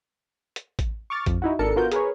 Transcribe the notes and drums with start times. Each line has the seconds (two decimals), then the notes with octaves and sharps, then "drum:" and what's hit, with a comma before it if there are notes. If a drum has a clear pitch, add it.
0.56 drum: hi-hat
0.79 drum: kick A1, hi-hat
1.10 C#6 D6 F6 A6
1.26 F2, drum: kick A1, hi-hat
1.42 D#4 E4 F#4
1.59 G#1 D4 A4 A#4 C#7
1.76 B3 F4 F#4 A#4 G6
1.92 G#4 A#4 B4 C#5, drum: hi-hat